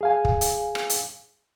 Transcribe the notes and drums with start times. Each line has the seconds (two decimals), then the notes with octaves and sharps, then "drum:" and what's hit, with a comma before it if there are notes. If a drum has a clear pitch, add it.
0.01 G#4 F5 G#5
0.25 drum: kick
0.41 drum: hi-hat
0.75 drum: rim click
0.90 drum: hi-hat